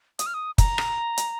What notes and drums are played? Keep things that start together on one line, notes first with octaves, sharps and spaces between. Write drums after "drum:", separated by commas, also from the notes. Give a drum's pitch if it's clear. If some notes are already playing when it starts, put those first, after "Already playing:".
D#6, drum: hi-hat
F6
D#6
A#5, drum: kick, hi-hat
drum: rim click
drum: hi-hat